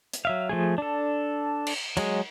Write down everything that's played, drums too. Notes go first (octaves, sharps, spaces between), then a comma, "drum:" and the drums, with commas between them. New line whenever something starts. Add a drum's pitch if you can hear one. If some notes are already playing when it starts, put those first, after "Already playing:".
drum: hi-hat
F#3 E5 F5
F3 A3 G#4
D4 A4
drum: cymbal
F#3 G#3 G#4, drum: cymbal